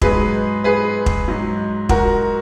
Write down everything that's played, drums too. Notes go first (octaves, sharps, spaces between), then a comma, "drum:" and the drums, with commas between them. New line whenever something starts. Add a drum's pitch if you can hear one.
G#2 F#3 G#4 B4, drum: kick
G#4 B4
drum: kick
G#2 F#3
F#4 A#4, drum: kick